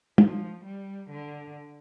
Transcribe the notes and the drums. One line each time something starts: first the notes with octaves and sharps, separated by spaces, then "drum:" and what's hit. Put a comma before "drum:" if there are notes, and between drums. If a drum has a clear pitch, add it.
F3, drum: tom
G3
D3